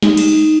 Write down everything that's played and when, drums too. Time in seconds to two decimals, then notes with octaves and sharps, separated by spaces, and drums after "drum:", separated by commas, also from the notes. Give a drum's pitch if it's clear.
0.03 D#4, drum: snare
0.17 drum: cymbal